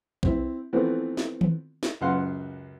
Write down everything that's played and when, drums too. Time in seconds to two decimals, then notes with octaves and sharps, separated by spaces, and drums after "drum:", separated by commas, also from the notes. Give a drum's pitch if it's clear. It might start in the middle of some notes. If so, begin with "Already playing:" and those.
0.23 C4 E4, drum: kick B1
0.73 E3 F3 A3 B3 C4
1.17 drum: snare
1.41 drum: tom D#3
1.83 drum: snare
2.01 C#2 F#2 F5 F#5 C6